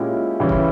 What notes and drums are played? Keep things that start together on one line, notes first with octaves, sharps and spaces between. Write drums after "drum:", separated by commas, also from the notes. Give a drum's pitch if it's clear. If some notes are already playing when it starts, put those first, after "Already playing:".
Already playing: A#2 G#3 C#4 E4 G4
C#3 E3 G3 C#4 E4
drum: kick